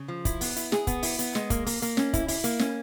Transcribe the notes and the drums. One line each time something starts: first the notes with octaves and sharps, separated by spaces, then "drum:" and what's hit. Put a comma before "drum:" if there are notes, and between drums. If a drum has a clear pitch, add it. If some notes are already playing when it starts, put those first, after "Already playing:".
Already playing: C#3
F3
E4, drum: kick, hi-hat
B3, drum: open hi-hat
E4, drum: hi-hat
G#4, drum: snare
B3, drum: kick, hi-hat
E4, drum: open hi-hat
B3, drum: hi-hat
G#3, drum: snare
A#3, drum: kick, hi-hat
A#3, drum: open hi-hat
A#3, drum: hi-hat
C#4, drum: snare
E4, drum: kick, hi-hat
E4, drum: open hi-hat
A#3, drum: hi-hat
C#4, drum: snare